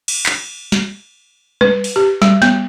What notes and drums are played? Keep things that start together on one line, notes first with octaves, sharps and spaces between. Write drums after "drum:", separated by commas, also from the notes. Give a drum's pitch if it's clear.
drum: cymbal
drum: clap
drum: snare
B4, drum: tom G3
drum: open hi-hat
G4
G3, drum: snare
B3, drum: snare